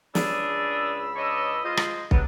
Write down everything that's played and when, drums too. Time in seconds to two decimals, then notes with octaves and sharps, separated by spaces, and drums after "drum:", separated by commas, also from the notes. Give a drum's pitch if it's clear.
0.15 C#2 C#3 D4 G#4 B5 E6, drum: snare
1.16 D4 C#5 D#5
1.64 G#3 F4 C5 D#5
1.77 drum: rim click
2.11 C#3 F#3 G3 B3 D4, drum: kick